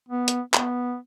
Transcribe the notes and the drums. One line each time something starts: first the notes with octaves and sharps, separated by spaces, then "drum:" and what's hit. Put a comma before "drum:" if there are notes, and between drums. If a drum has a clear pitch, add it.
B3
drum: hi-hat
B3, drum: clap